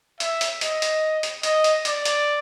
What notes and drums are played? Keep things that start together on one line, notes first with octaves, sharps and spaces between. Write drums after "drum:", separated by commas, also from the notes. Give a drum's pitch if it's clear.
E5, drum: hi-hat
drum: hi-hat
D#5, drum: hi-hat
drum: hi-hat
drum: hi-hat
D#5, drum: hi-hat
drum: hi-hat
D5, drum: hi-hat
drum: hi-hat